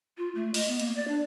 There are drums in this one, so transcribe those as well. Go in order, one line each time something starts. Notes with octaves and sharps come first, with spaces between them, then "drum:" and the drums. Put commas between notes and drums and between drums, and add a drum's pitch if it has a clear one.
F4
A3
D#5, drum: open hi-hat
B3
A#3, drum: hi-hat
D5
D4